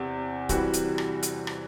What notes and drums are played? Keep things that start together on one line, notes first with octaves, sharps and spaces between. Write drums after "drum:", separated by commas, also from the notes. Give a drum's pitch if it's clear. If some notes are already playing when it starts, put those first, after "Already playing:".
Already playing: E2 C3
E3 G3 C4 F#4, drum: kick C#1, hi-hat
drum: hi-hat
drum: rim click
drum: hi-hat
drum: rim click